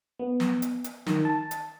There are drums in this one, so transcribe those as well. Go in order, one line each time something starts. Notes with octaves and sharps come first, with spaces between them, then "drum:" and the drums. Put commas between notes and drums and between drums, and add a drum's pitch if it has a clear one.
B3
drum: snare
drum: hi-hat
drum: hi-hat
D#3, drum: snare
A5
drum: hi-hat